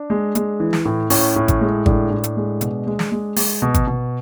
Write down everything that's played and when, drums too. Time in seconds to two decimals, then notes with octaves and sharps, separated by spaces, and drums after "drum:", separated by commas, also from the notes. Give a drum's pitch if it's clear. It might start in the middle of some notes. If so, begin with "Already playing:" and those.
Already playing: D4
0.10 G#3
0.35 G#3, drum: hi-hat
0.60 E3
0.73 drum: snare
0.85 A2
1.10 A2 C#4, drum: open hi-hat
1.36 A2
1.48 drum: kick G#1, hi-hat
1.61 G#3
1.86 A2 D4, drum: kick G#1
2.11 A2
2.24 drum: hi-hat
2.37 G#3
2.61 B2, drum: hi-hat
2.87 G#3
2.99 drum: snare
3.12 G#3
3.36 G#3, drum: open hi-hat
3.62 B2
3.74 drum: kick G#1, hi-hat
3.87 B2